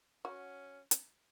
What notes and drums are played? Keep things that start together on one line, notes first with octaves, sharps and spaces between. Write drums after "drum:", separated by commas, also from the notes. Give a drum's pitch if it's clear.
C#4 F#4
drum: hi-hat